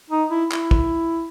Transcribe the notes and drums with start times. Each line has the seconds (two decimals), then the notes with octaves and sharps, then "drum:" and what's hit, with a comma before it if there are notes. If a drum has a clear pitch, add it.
0.10 D#4
0.31 E4
0.52 E4, drum: clap
0.71 drum: kick